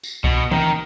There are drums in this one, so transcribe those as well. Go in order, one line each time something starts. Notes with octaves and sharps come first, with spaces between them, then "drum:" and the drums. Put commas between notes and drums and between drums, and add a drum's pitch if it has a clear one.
drum: tambourine
B2, drum: kick C2
D#3, drum: tom E3